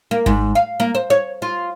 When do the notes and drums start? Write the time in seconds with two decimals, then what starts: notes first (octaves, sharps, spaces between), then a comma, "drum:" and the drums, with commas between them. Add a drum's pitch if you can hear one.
0.11 A#3
0.26 G#2, drum: kick G#1
0.55 F5
0.80 A#3
0.95 C5
1.10 C#5
1.42 F4